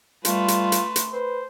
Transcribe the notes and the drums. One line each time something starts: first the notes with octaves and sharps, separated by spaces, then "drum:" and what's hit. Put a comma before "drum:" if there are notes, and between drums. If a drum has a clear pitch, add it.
G3 A3 F4 B4 C6, drum: hi-hat
drum: hi-hat
drum: hi-hat
drum: hi-hat
B4 C5